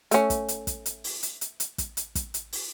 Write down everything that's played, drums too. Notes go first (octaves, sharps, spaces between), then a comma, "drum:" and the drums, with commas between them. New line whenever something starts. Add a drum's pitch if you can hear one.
A3 C#4, drum: hi-hat
drum: kick, hi-hat
drum: hi-hat
drum: kick, hi-hat
drum: hi-hat
drum: open hi-hat
drum: hi-hat
drum: hi-hat
drum: hi-hat
drum: kick, hi-hat
drum: hi-hat
drum: kick, hi-hat
drum: hi-hat
drum: open hi-hat